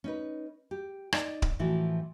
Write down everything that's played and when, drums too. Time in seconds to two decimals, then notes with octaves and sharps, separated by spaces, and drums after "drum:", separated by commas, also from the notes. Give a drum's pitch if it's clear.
0.04 C#4 D#4 B4
0.71 G4
1.12 D#4 D5, drum: rim click
1.42 drum: kick D1
1.59 A2 E3 F3 E4 F#4